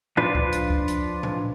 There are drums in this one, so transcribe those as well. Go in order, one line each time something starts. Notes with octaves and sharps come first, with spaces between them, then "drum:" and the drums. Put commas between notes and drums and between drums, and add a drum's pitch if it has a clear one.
F3 D4 F4 B4, drum: tom A2
drum: kick C#2
drum: hi-hat
drum: kick C#2
drum: hi-hat
drum: tom A2